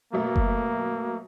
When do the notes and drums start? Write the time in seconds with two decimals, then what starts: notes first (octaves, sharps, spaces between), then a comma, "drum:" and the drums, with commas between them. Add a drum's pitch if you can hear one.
0.13 F#2 B2 A3 A#3
0.36 drum: kick F#1